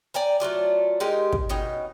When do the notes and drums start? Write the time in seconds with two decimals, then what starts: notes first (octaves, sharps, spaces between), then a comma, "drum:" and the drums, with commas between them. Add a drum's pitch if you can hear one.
0.14 D5 G5 G#5 A#5
0.40 F#3 A3 F4 D5
1.00 G#3 D#4 G4 A#4
1.33 drum: kick
1.49 B2 C#4 D#4 G5